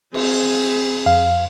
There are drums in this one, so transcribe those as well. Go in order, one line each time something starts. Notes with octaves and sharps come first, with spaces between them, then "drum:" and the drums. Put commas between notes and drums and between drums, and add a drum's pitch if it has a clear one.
C4 G#4, drum: cymbal
F2 F5